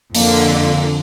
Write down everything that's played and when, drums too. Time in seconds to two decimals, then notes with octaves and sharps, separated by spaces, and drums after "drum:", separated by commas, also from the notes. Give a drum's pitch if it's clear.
0.15 F2 D3 A#3, drum: open hi-hat